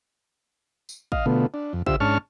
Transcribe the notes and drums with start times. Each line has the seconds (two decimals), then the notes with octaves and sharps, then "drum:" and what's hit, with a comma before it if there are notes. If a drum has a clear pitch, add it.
0.89 drum: tambourine
1.12 D#5 F5, drum: kick
1.26 B2 D3 A3 B3 F4
1.54 D4
1.73 F2
1.86 D3 F4 G4 C5 E5 E6, drum: kick
2.00 G#2 C#4 D4 A5 C#6 F6